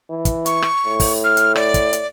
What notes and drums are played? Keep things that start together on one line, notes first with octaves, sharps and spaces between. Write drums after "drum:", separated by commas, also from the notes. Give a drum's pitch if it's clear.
E3
drum: kick, hi-hat
C#6, drum: hi-hat
drum: rim click
A2
drum: kick, open hi-hat
F6
drum: hi-hat
D5, drum: rim click
drum: kick, hi-hat
drum: hi-hat